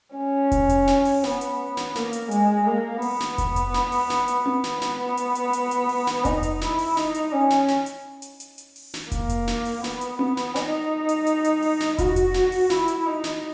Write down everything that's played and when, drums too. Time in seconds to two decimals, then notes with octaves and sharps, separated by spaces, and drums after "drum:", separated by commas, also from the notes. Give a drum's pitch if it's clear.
0.15 C#4
0.52 drum: kick F1, hi-hat
0.69 drum: hi-hat
0.87 drum: snare
1.05 drum: open hi-hat
1.24 B3, drum: snare
1.41 drum: hi-hat
1.77 drum: snare
1.95 A#3, drum: snare
2.13 drum: hi-hat
2.31 G#3, drum: hi-hat
2.67 A#3
3.02 B3, drum: open hi-hat
3.20 drum: snare
3.38 drum: kick F1, hi-hat
3.56 drum: hi-hat
3.74 drum: snare
3.92 drum: open hi-hat
4.10 drum: snare
4.28 drum: hi-hat
4.46 drum: tom C4
4.64 drum: snare
4.81 B3, drum: snare
5.17 drum: hi-hat
5.35 drum: hi-hat
5.53 drum: hi-hat
5.71 drum: hi-hat
5.89 drum: open hi-hat
6.07 drum: snare
6.25 D#4, drum: kick F1, hi-hat
6.43 drum: hi-hat
6.61 E4, drum: snare
6.79 drum: open hi-hat
6.97 D#4, drum: snare
7.14 drum: hi-hat
7.32 C#4
7.50 drum: snare
7.68 drum: snare
7.86 drum: hi-hat
8.22 drum: hi-hat
8.40 drum: hi-hat
8.58 drum: hi-hat
8.76 drum: open hi-hat
8.94 drum: snare
9.12 A#3, drum: kick F1, hi-hat
9.29 drum: hi-hat
9.47 drum: snare
9.65 drum: open hi-hat
9.84 B3, drum: snare
10.01 drum: hi-hat
10.19 drum: tom C4
10.37 drum: snare
10.55 D#4, drum: snare
11.09 drum: hi-hat
11.27 drum: hi-hat
11.44 drum: hi-hat
11.62 drum: open hi-hat
11.80 drum: snare
11.98 F#4, drum: kick F1, hi-hat
12.16 drum: hi-hat
12.34 drum: snare
12.52 drum: open hi-hat
12.70 E4, drum: snare
12.88 drum: hi-hat
13.06 D#4
13.24 drum: snare